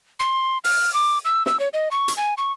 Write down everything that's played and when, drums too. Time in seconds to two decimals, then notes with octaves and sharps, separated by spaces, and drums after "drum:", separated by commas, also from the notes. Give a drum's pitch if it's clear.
0.20 C6
0.64 F6, drum: open hi-hat
0.94 D6
1.25 E6
1.46 E6, drum: snare
1.60 C#5
1.74 D#5
1.91 C#6
2.08 drum: hi-hat
2.17 G#5
2.38 C#6